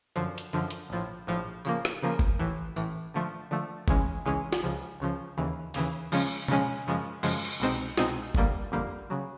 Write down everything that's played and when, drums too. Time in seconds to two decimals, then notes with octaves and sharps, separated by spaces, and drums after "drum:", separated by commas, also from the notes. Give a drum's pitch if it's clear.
0.16 F#2 D3 F3
0.38 drum: hi-hat
0.53 F#2 D3 F3
0.71 drum: hi-hat
0.90 A#1 A2 F3
1.27 A#1 A2 F3
1.65 C#3 F3 A#3, drum: tambourine
1.85 drum: rim click
2.02 C#3 F3 A#3
2.19 drum: kick G1
2.39 A1 A2 E3
2.76 A1 A2 E3, drum: tambourine
3.14 D3 F3 A3
3.51 D3 F3 A3
3.88 C#2 C#3 E3 G#3 C#4, drum: kick G1
4.25 C#2 C#3 E3 G#3 C#4
4.53 drum: snare
4.63 C#2 C#3 F3
5.00 C#2 C#3 F3
5.38 D#2 C#3 E3
5.74 D#2 C#3 E3, drum: open hi-hat
6.12 C#3 F3 G#3 C#4, drum: cymbal
6.48 C#3 F3 G#3 C#4, drum: tom B2
6.87 F#2 C#3 F3 G#3
7.23 F#2 C#3 F3 G#3, drum: cymbal
7.45 drum: cymbal
7.60 C2 B2 G#3 C4 D#4
7.98 C2 B2 G#3 C4 D#4, drum: snare
8.35 G1 F2 D3 G3 A#3, drum: kick G1
8.72 G1 F2 D3 G3 A#3
9.10 C#3 F#3